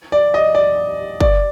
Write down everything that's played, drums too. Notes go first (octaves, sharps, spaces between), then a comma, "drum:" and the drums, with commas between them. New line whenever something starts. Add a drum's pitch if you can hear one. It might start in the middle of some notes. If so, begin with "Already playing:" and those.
D5
D#5
D5
D5, drum: kick